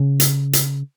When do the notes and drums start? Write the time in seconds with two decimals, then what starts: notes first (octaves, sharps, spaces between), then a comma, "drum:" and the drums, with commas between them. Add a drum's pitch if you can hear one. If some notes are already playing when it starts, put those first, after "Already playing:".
Already playing: C#3
0.20 drum: hi-hat
0.53 drum: hi-hat